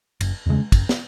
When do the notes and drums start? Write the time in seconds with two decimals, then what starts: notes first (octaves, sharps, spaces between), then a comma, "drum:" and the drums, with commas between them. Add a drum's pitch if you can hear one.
0.21 F#1, drum: cymbal
0.46 E2 C#3 G#3
0.72 F#1, drum: kick, cymbal
0.89 drum: snare